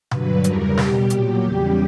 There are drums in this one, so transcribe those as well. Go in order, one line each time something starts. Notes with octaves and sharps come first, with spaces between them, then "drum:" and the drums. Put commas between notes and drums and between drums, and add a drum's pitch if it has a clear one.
G2 D3 F#3 B4, drum: tom B2
E2 C#3 G3 A#4, drum: hi-hat
B2 G3 G4, drum: snare
A#2 F#3 G4, drum: hi-hat
E2 C#3 G3 G4